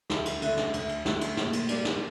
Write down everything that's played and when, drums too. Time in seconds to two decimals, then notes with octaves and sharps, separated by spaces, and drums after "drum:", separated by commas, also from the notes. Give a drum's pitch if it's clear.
0.10 D2, drum: snare
0.26 drum: cymbal
0.42 D3 A3 E4, drum: cymbal
0.57 drum: snare
0.74 D2, drum: cymbal
0.89 drum: cymbal
1.05 D3 A3 E4, drum: snare
1.21 drum: cymbal
1.37 A#2, drum: snare
1.53 drum: cymbal
1.69 G3 A#3 D4 G4, drum: cymbal
1.85 drum: snare